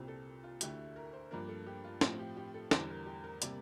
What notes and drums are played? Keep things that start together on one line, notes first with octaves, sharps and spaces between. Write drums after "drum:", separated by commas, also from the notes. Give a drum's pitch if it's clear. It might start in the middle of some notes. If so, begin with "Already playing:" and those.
Already playing: C2 A#2 G3 C4
A4
F4
D2 D3 A3 E4 G4, drum: hi-hat
A#4
C5
G2 F3 A#3 D4 A#4
A4
G4
F4
A2 F3 C4 F4 G4, drum: snare
G4
G4
A4
E2 D3 G3 C5, drum: snare
A#4
G4
A#4
C3 G3 A#3 D5, drum: hi-hat